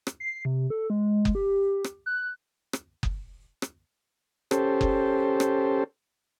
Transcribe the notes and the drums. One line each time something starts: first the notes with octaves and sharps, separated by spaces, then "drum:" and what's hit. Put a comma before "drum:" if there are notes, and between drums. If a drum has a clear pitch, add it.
drum: rim click
C7
C3
A4
G#3
drum: kick F#1
G4
drum: rim click
F#6
drum: rim click
drum: kick F#1
drum: rim click
C#4 G4 A4 C5, drum: rim click
drum: kick F#1
drum: rim click